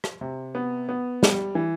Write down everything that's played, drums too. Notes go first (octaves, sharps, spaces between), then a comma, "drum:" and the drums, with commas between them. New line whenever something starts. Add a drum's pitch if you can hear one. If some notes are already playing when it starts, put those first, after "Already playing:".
drum: rim click
C3
B3
B3
G3, drum: snare
E3